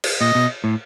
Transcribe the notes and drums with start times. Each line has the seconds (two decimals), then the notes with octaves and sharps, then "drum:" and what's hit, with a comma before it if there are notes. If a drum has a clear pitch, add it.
0.04 drum: cymbal
0.21 A#2 D#5
0.35 B2
0.64 A2